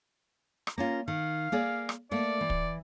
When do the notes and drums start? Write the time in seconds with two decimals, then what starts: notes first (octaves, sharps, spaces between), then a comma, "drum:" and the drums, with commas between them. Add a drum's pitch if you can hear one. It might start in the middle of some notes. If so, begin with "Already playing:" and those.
0.67 drum: rim click
0.78 A#3 C#4 F4 A#5
1.08 D#3 F5
1.52 A#3 G#4 D5
1.89 drum: rim click
2.11 A3 A#3 D5
2.41 E3
2.50 drum: kick